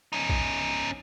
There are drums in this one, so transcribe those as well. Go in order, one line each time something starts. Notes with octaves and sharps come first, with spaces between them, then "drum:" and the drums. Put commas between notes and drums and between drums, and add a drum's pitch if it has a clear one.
C#4 D#4
drum: kick